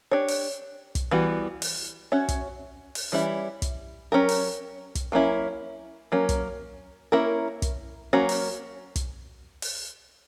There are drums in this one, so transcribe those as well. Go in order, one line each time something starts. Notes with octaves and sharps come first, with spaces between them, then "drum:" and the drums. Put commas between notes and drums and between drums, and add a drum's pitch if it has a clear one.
D4 G4 C#5
drum: open hi-hat
drum: kick, hi-hat
E3 G3 B3 F#4
drum: open hi-hat
C#4 F#4 C#5 E5
drum: kick, hi-hat
drum: open hi-hat
E3 G3 C#4 E4
drum: kick, hi-hat
F#3 C#4 G4 A#4
drum: open hi-hat
drum: kick, hi-hat
F#3 A#3 C#4 E4
F#3 A#3 C#4
drum: kick, hi-hat
A#3 C#4 E4 A#4
drum: kick, hi-hat
F#3 A#3 C#4 F#4
drum: open hi-hat
drum: kick, hi-hat
drum: open hi-hat